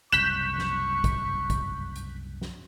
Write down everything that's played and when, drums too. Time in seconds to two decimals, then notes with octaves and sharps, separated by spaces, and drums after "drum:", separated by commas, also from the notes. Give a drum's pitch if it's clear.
0.12 F#1 C2 C#6 F#6 G6 B6 E7, drum: hi-hat
0.58 drum: snare
1.04 drum: kick, hi-hat
1.50 drum: kick, hi-hat
1.96 drum: hi-hat
2.41 drum: snare